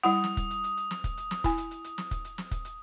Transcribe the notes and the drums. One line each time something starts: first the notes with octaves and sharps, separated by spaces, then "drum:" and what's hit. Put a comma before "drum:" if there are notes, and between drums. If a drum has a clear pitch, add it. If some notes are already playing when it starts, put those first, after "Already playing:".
G3 E4 F#5 D#6
drum: snare
drum: kick, hi-hat
drum: hi-hat
drum: hi-hat
drum: hi-hat
drum: snare
drum: kick, hi-hat
drum: hi-hat
drum: snare
E4 G#5, drum: kick, hi-hat
drum: hi-hat
drum: hi-hat
drum: hi-hat
drum: snare
drum: kick, hi-hat
drum: hi-hat
drum: snare
drum: kick, hi-hat
drum: hi-hat